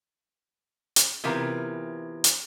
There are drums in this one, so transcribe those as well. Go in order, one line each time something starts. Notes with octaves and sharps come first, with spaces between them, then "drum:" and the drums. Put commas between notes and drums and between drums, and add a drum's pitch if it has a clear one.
drum: hi-hat
C3 E3 B3 F4 A#4
drum: hi-hat